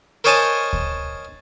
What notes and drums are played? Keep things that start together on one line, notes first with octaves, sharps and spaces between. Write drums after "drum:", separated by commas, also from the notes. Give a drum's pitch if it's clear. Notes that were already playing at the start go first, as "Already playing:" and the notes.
A#4 C5 C#5 D#5 G#5 A5
drum: kick D2